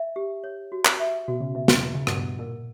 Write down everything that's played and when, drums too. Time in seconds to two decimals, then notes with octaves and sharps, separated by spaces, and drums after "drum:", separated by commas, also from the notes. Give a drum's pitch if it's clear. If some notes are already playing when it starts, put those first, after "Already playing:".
Already playing: E5
0.16 G4
0.44 C#5
0.72 F#4
0.85 drum: clap
1.00 E5
1.28 B2 F#4
1.40 C#3
1.55 B2 E5
1.68 C#3, drum: snare
1.81 B2 E4
1.95 C#3
2.07 G2 B2 F#5, drum: rim click
2.39 A#2 A#4